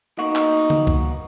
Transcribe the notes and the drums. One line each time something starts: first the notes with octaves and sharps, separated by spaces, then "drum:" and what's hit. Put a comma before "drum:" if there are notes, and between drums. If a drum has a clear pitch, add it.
A#3 B3 D#4 F#4
drum: clap
drum: tom D3
drum: kick C2